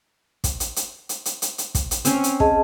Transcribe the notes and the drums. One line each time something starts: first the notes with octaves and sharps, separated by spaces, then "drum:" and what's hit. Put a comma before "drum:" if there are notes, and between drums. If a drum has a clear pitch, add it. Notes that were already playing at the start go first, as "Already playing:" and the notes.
drum: kick, hi-hat
drum: hi-hat
drum: hi-hat
drum: hi-hat
drum: hi-hat
drum: hi-hat
drum: hi-hat
drum: kick, hi-hat
drum: hi-hat
C4 C#4, drum: hi-hat
drum: hi-hat
G#4 D#5 A5, drum: kick